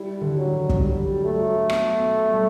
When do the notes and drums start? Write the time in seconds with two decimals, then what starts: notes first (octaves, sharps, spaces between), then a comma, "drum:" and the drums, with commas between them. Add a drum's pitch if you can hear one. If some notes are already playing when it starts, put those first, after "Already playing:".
Already playing: G3 E4
0.21 D3
0.36 F#3
0.51 D3
0.70 drum: kick
0.80 F#3 G3
1.11 F#3
1.25 A3
1.40 F#3
1.70 B3, drum: rim click
2.00 B2
2.29 G3